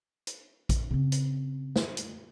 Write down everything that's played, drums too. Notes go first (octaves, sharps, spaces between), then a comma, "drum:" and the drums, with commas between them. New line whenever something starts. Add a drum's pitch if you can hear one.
drum: hi-hat
drum: kick A#1, hi-hat
C#3 C4
drum: hi-hat
drum: snare
drum: hi-hat